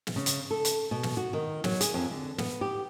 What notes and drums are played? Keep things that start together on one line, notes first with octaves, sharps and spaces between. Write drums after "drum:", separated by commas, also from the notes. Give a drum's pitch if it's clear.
drum: snare
C#3
drum: hi-hat
A4
drum: hi-hat
B2
drum: snare
F#4
D#3
F#3, drum: snare
G#4, drum: hi-hat
F2
D3
B3, drum: snare
G4